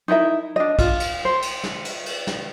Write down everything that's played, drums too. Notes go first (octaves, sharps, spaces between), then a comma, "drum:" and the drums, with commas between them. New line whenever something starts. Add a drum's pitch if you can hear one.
D#4 E4 A#4 E5
D4 D#5
F4, drum: kick, cymbal
drum: cymbal
C5
drum: cymbal
drum: snare
drum: cymbal
drum: cymbal
drum: snare